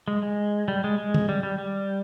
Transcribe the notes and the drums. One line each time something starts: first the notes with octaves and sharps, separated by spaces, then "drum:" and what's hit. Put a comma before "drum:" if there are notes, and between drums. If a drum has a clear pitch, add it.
G#3
G#3
G3
G#3
G#3
drum: tom D#3
G3
G3
G3